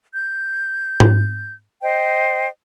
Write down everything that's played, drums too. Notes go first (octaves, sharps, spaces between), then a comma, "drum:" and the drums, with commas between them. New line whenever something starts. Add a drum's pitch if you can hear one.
G6
drum: tom G#2
C5 D#5 G5